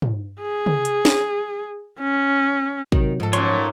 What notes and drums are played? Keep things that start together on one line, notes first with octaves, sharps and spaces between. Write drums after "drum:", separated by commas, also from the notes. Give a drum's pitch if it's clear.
drum: tom
G#4
drum: tom
drum: hi-hat
drum: snare
C#4
C3 D#3 F#3, drum: kick
G#2 F3 A4
F#2 A#2 C#5 C6 C#6, drum: hi-hat